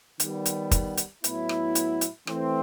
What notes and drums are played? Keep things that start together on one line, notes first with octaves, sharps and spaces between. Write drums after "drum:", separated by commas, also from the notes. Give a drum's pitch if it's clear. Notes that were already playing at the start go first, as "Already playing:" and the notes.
D#3 G3 B3, drum: hi-hat
drum: hi-hat
drum: kick, hi-hat
drum: hi-hat
A2 F#3 B3 E4, drum: hi-hat
drum: rim click
drum: hi-hat
drum: hi-hat
E3 A3 C4, drum: rim click